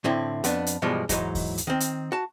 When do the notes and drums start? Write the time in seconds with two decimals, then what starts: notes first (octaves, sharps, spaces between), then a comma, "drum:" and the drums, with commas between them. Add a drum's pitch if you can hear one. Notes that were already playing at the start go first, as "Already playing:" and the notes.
0.04 A2 D3 C4 E4
0.44 F2 B3 D4, drum: hi-hat
0.67 drum: hi-hat
0.82 G2 B2 E3 F3 G3 G#3
1.09 G#2 C3 E3 F#3 D#4, drum: kick D#2, hi-hat
1.35 drum: kick D#2, open hi-hat
1.58 drum: hi-hat
1.67 D#3 C4
1.80 drum: hi-hat
2.12 F#4 A5